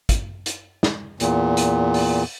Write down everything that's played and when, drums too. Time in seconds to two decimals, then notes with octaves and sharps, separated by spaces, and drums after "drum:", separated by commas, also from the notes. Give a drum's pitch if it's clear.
0.09 drum: kick, hi-hat
0.46 drum: hi-hat
0.83 drum: snare
1.20 E2 A#2, drum: hi-hat
1.57 drum: hi-hat
1.94 drum: open hi-hat